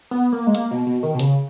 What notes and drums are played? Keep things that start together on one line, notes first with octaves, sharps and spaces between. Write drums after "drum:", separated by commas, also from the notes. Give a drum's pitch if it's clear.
B3
A#3
G#3
A#3, drum: hi-hat
B2
B2
D#3
B2
C#3, drum: hi-hat